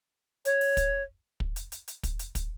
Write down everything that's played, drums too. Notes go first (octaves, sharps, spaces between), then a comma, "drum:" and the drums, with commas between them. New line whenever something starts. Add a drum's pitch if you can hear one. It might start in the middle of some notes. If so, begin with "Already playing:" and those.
C#5, drum: hi-hat
drum: open hi-hat
drum: kick, hi-hat
drum: kick
drum: hi-hat
drum: hi-hat
drum: hi-hat
drum: kick, hi-hat
drum: hi-hat
drum: kick, hi-hat